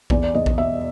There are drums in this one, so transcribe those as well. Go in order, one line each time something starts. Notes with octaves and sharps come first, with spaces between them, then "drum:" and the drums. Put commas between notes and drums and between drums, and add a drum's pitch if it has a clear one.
E2 D5, drum: kick A#1
D5
E2 D#5
drum: kick A#1
B2 E5